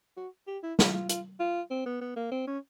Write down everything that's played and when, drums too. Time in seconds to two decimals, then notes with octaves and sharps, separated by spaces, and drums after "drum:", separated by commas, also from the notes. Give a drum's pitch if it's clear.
0.17 F#4
0.47 G4
0.63 E4
0.79 F4, drum: snare
0.94 F4
1.09 F4, drum: hi-hat
1.40 F4
1.71 C4
1.86 B3
2.01 B3
2.16 A#3
2.32 C4
2.47 C#4